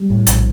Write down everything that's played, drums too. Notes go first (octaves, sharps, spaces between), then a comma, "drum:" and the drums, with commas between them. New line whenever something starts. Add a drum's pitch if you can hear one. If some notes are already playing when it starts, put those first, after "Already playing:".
Already playing: G3
A2
A#1, drum: hi-hat